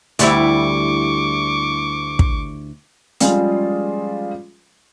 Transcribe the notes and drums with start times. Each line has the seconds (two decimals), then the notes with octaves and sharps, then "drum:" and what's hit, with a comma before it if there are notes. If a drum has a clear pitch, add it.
0.19 D2 G3 E4 C#6 D6, drum: hi-hat
2.19 drum: kick
3.20 F3 G3 G#3 C#4 F4 G#4, drum: hi-hat